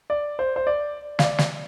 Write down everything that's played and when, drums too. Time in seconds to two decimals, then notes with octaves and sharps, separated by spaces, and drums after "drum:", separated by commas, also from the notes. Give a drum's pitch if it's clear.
0.10 D5
0.39 C5
0.56 C5
0.67 D5
1.19 F5, drum: snare
1.24 D5
1.38 drum: snare